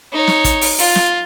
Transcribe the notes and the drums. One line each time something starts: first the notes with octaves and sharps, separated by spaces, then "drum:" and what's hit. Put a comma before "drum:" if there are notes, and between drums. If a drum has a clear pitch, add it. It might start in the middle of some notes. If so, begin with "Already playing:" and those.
D#4 C#5
drum: snare
drum: kick, hi-hat
drum: open hi-hat
F4, drum: open hi-hat
drum: snare